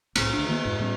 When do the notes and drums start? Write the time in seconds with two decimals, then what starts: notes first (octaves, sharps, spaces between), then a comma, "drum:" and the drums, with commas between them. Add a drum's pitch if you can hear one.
0.16 C2 A2 C4, drum: cymbal
0.33 D2 D4
0.48 D#3 A#3 B3
0.65 F2 G#2
0.80 A2 G3 B3 C#4